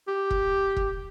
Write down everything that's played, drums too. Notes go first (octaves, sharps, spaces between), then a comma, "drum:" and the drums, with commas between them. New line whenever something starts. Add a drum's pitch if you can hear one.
G4
drum: kick E1
drum: kick E1